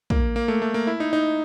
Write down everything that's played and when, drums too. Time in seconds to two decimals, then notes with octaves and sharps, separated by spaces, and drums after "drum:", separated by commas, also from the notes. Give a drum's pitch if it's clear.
0.10 A#3, drum: kick
0.36 A#3
0.48 A3
0.62 A3
0.74 A#3
0.87 E4
1.00 D#4
1.13 D#4